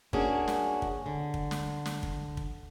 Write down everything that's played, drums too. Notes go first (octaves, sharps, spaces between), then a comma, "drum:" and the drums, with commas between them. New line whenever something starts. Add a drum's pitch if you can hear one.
A#3 C#4 D4 F#4 G#4, drum: kick
drum: snare
drum: kick
D3
drum: kick
drum: snare
drum: snare
drum: kick
drum: kick